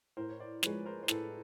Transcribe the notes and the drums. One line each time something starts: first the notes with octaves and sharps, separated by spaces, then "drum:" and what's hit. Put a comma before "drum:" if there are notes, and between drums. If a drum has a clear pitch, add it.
A2 A#4 C5
C#5
C5 D5
F3 G#3 B4 C#5, drum: snare
A#4 C5
C5
A2 A4 B4, drum: snare